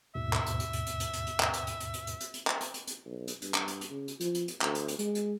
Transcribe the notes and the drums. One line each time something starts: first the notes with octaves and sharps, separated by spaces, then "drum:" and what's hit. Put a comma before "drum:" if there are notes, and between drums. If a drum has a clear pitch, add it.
D#2 G#2 B2 E5
drum: clap
drum: hi-hat
drum: hi-hat
drum: hi-hat
drum: hi-hat
drum: hi-hat
drum: hi-hat
drum: hi-hat
drum: clap
drum: hi-hat
drum: hi-hat
drum: hi-hat
drum: hi-hat
drum: hi-hat
drum: hi-hat
drum: hi-hat
drum: clap
drum: hi-hat
drum: hi-hat
drum: hi-hat
B1
drum: hi-hat
G2, drum: hi-hat
drum: clap
drum: hi-hat
drum: hi-hat
C#3
drum: hi-hat
F3, drum: hi-hat
drum: hi-hat
drum: hi-hat
D2, drum: clap
drum: hi-hat
drum: hi-hat
G#3, drum: hi-hat
drum: hi-hat